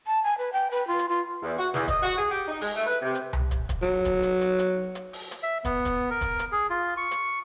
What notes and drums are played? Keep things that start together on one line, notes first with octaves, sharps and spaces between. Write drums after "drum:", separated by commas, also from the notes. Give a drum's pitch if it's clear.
A5
G#5
B4
G5
B4
F4
drum: hi-hat
F4
E2
F#4
E2, drum: snare
D#5, drum: kick, hi-hat
F#4
G#4
G4
D#4
G#3, drum: open hi-hat
A3
B4
C3
drum: hi-hat
drum: tom C2
drum: kick, hi-hat
drum: kick, hi-hat
F#3
drum: kick, hi-hat
drum: hi-hat
drum: hi-hat
drum: hi-hat
drum: hi-hat
drum: open hi-hat
drum: hi-hat
E5
B3, drum: kick, hi-hat
drum: kick, hi-hat
A#4
drum: kick, hi-hat
drum: hi-hat
G#4
F4
C#6
drum: hi-hat